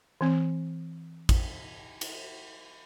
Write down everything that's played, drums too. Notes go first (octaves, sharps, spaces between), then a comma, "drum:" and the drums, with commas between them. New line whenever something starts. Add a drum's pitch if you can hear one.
E3 C4
drum: kick A1, cymbal
drum: cymbal